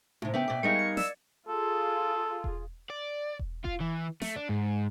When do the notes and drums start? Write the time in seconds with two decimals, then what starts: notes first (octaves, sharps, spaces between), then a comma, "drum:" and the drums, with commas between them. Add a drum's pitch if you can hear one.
0.22 A2 C3, drum: tom D#4
0.34 C#3 B3 E5 G5
0.48 B2 D5
0.63 G3 G#3 D#4 A#4 D#5 F5 C#6
0.75 G#6 C#7
0.97 D5 E6, drum: snare
1.48 F4 G#4 A4
2.44 drum: kick E1
2.90 D5
3.39 drum: kick E1
3.65 F4, drum: kick E1
3.81 E3
4.22 A3, drum: snare
4.36 D4
4.49 G#2